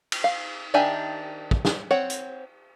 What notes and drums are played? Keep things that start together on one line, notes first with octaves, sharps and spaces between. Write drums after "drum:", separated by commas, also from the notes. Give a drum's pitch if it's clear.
drum: cymbal
F5
D#3 D4 G4 E5 G#5
drum: kick
drum: snare
C4 C#5 F#5
drum: hi-hat